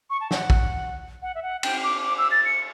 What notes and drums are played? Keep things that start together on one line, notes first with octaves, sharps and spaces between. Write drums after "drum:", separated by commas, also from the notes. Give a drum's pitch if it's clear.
C#6
A5
F#5, drum: snare
drum: kick
F#5
E5
F#5
G5, drum: cymbal
D6
D6
E6
A6
C#7